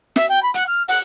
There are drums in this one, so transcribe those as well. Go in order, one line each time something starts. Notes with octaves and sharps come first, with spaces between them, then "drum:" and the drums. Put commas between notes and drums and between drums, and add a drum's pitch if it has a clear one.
E5, drum: snare
G5
B5
F#5, drum: hi-hat
F6
F#5, drum: open hi-hat